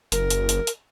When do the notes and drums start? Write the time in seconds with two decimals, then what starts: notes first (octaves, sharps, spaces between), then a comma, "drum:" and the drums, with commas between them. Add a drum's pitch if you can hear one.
0.12 F#1 A#4, drum: hi-hat
0.30 drum: hi-hat
0.49 drum: hi-hat
0.67 drum: hi-hat